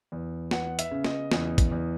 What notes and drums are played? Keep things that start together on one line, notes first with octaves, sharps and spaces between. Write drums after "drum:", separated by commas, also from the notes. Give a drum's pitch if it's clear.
E2
B3 F#5, drum: snare
E5, drum: hi-hat
C#3
D#5, drum: snare
E2, drum: snare
drum: kick, hi-hat
E2